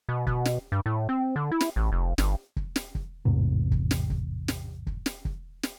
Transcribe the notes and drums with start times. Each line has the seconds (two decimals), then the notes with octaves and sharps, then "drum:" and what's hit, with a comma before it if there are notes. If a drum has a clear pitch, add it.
0.09 B2
0.27 B2, drum: kick
0.45 drum: snare
0.72 G2
0.86 A2
1.09 C4
1.36 D3
1.51 E4
1.61 drum: snare
1.76 A1
1.92 F1
2.18 G1, drum: snare
2.56 drum: kick
2.76 drum: snare
2.95 drum: kick
3.25 A1 E2 G#2 C3
3.72 drum: kick
3.91 drum: snare
4.10 drum: kick
4.48 drum: snare
4.87 drum: kick
5.06 drum: snare
5.25 drum: kick
5.63 drum: snare